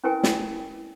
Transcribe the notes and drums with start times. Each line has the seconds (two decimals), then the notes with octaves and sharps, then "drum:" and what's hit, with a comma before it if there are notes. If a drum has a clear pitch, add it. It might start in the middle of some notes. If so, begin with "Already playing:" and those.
0.04 C#4 E4 A#4 B4 G5 G#5
0.23 drum: snare